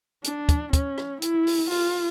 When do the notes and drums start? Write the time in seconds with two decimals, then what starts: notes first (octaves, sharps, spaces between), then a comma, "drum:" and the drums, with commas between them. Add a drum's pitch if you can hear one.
0.24 D4, drum: hi-hat
0.49 drum: kick, hi-hat
0.73 C#4, drum: kick, hi-hat
0.98 drum: rim click
1.22 E4, drum: hi-hat
1.47 drum: open hi-hat
1.71 F4, drum: open hi-hat